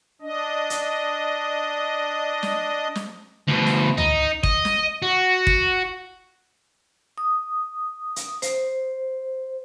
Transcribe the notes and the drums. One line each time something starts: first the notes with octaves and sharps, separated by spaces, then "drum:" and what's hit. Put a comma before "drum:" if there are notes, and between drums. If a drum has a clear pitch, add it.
D4 D#5
drum: hi-hat
drum: snare
drum: snare
D2 B2
drum: snare
D#4, drum: tom C#2
D#5, drum: kick
drum: snare
F#4
drum: kick
D#6
drum: hi-hat
C5, drum: hi-hat